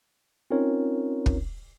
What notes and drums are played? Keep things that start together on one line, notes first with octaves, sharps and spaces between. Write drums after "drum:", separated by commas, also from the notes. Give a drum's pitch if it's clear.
C4 C#4 D#4 F4 A#4 C#5
drum: kick